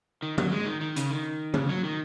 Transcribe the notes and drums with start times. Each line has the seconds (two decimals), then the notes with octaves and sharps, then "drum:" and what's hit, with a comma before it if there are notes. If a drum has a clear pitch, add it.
0.22 D#3
0.38 F#3, drum: tom D#3
0.52 G#3
0.66 D#3
0.81 D#3
0.96 C#3, drum: hi-hat
1.11 D#3
1.54 C#3, drum: tom D#3
1.69 F#3
1.84 D#3